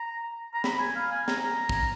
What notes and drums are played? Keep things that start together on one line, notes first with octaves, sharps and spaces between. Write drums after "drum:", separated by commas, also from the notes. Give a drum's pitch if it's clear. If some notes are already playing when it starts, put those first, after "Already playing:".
Already playing: A#5
A#5
B5, drum: snare
G#5
F5
G#5
A#5, drum: snare
drum: kick